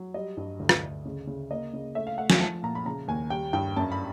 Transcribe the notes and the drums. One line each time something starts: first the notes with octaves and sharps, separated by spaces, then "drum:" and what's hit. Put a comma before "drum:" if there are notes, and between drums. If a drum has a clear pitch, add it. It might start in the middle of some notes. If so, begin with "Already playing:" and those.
Already playing: F#3
G3 D#5
G2
D2
drum: rim click
D2
C#3
C#3
A#3 D#5
C#3
A3 E5
F5
A3 F#5
G#5, drum: snare
F3 A5
A#2 A#5
B5
C#3 A#5
D#2 G#5
G3 G5
G2 G5
F#2 A5
B5